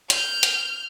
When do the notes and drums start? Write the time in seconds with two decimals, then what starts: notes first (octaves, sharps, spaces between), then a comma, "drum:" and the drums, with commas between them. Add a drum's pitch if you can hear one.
0.10 F6 G6, drum: hi-hat
0.43 drum: hi-hat